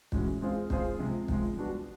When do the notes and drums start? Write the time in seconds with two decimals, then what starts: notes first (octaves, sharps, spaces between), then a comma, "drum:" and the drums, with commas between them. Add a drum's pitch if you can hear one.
0.12 A2 E3 G#3 C#4 F#4, drum: kick
0.41 G#3 C4 F4 G#4 C5
0.70 G#3 C4 F4 G#4 C5, drum: kick
0.99 C3 F3 G#3
1.28 C3 F3 G#3, drum: kick
1.57 G3 B3 D4 F#4